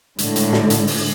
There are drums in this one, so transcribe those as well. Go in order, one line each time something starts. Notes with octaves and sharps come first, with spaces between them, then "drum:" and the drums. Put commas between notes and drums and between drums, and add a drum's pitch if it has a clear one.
A2 D3 G#3, drum: hi-hat
drum: hi-hat
drum: snare
drum: hi-hat
drum: open hi-hat